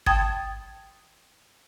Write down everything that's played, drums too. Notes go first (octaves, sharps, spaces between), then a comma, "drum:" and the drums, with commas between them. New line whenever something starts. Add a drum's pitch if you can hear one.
G5 A5 D#6 G#6 A6, drum: kick G1